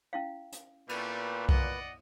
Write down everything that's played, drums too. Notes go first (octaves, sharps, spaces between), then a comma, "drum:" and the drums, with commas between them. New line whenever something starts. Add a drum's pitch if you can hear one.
C#4 E4 F5
drum: hi-hat
A#2 G3 A3 B4, drum: cymbal
D5 D#5 F#5, drum: kick B1